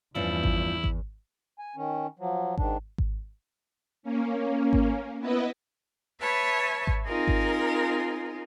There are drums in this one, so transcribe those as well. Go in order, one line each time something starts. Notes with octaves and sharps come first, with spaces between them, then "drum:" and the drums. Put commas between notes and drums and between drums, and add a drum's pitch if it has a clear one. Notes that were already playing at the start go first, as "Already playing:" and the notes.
E2 G2 F3 C#4 E4
drum: kick G#1
drum: kick G#1
G#5
D#3 C#4
F3 F#3
G#2 D#3 D4, drum: kick G#1
drum: kick G#1
A#3 C#4
drum: kick G#1
B3 E4 B4 D#5
B4 C#5 E5 A5
drum: kick G#1
C4 D#4 F4 G#4 A#4
drum: kick G#1